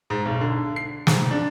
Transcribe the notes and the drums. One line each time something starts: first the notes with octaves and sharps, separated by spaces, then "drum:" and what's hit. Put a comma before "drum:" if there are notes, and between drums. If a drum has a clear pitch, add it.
G#2
B1
D3
C7
G#2, drum: snare
D4